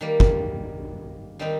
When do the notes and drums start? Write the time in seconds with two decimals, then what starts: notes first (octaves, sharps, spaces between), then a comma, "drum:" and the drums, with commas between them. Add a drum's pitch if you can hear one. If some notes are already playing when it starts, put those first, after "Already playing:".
0.01 D#3 G3 A#3
0.20 drum: kick
1.39 D#3 G3 C4 D#4